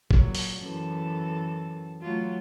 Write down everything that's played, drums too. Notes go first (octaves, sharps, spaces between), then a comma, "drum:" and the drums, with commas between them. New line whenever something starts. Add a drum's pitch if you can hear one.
A#2 F#3, drum: kick G1
drum: open hi-hat
F#2 E3 A4
F#3 A3 F4